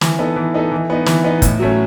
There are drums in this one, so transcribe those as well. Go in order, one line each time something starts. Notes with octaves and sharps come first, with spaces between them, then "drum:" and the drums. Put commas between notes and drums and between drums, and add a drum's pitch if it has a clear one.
E3, drum: snare
B3 D#4 A4
E3
B3 D#4 A4
E3
B3 D#4
E3, drum: snare
B3 D#4
A2, drum: kick, hi-hat
F#3 A3 C#4